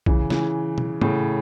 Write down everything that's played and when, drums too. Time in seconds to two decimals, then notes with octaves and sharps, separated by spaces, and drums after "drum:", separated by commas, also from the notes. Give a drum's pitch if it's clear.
0.06 C#3 E3, drum: kick B1
0.30 C#3 E3, drum: snare
0.78 drum: tom
1.01 A2 C#3, drum: tom G#2